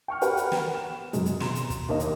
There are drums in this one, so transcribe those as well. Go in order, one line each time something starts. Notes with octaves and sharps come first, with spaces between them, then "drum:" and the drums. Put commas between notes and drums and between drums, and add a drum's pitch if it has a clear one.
G5 C#6 F6
F#4 G4 A#4 B4 F#5 G5, drum: hi-hat
drum: hi-hat
drum: snare
E7
F#2 B2 F#3 G#3, drum: hi-hat
drum: hi-hat
B2 A#5 C6 E7, drum: snare
drum: hi-hat
drum: kick, hi-hat
D#2 A#3 D#5
drum: hi-hat